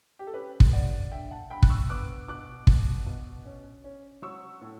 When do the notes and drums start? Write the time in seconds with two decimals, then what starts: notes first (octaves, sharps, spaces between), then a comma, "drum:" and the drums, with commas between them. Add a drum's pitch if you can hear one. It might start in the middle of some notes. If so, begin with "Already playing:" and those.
0.19 G4
0.27 A4
0.34 C#4 G4 B4
0.60 drum: kick
0.73 G2 D5 F#5
1.12 D3 E5 G5
1.31 F#5 A5
1.50 G2 G5 B5
1.63 F#6, drum: kick
1.70 C#6 E6
1.89 B3 D6 F#6
2.28 B2 D6 F#6
2.67 B2, drum: kick
3.06 B2
3.45 C#4
3.84 C#4
4.22 F#3 C#6 E6
4.61 A2